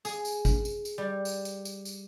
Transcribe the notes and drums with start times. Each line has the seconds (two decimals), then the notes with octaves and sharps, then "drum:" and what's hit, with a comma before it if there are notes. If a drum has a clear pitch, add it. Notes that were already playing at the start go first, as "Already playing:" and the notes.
0.05 G#4, drum: tambourine
0.25 drum: tambourine
0.45 drum: kick, tambourine
0.65 drum: tambourine
0.85 drum: tambourine
0.98 G3
1.25 drum: tambourine
1.45 drum: tambourine
1.65 drum: tambourine
1.85 drum: tambourine